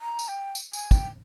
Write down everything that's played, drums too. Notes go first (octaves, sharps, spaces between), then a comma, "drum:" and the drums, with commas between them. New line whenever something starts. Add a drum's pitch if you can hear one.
A#5
drum: tambourine
G5
drum: tambourine
G#5, drum: tambourine
G5, drum: kick, tambourine